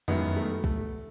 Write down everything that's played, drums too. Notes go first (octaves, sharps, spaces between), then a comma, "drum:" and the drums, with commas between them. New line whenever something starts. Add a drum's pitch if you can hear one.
F#2 D#3 F#3 G#3 B3 E4, drum: tom F2
A3
A3, drum: kick